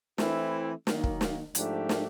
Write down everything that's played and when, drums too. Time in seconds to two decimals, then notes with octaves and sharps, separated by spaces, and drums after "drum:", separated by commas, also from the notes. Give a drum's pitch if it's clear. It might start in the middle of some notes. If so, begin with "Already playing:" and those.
0.18 E3 A3 C4 E4, drum: snare
0.87 D#3 F#3 A#3, drum: snare
1.04 drum: kick
1.21 drum: snare
1.55 G#2 F3 A3 D4 G4, drum: hi-hat
1.89 drum: snare